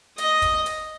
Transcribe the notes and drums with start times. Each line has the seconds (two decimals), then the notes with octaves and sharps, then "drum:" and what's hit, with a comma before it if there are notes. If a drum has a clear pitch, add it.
0.18 D#5, drum: hi-hat
0.42 drum: kick, hi-hat
0.66 drum: hi-hat